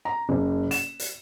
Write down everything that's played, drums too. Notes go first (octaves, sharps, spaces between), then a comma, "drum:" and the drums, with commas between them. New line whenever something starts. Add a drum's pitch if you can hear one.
A#5
F#1
E7, drum: hi-hat
drum: hi-hat